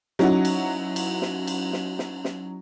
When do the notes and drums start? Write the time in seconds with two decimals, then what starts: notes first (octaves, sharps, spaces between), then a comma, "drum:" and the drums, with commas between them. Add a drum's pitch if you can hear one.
0.19 F#3 C#4 D#4 E4 F#4, drum: snare
0.45 drum: cymbal
0.96 drum: cymbal
1.22 drum: snare
1.47 drum: cymbal
1.73 drum: snare
1.99 drum: snare
2.24 drum: snare